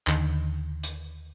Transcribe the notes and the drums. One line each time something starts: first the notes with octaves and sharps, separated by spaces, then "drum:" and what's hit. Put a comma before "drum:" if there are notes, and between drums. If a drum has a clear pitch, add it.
D#2 D3 D#3, drum: clap
drum: hi-hat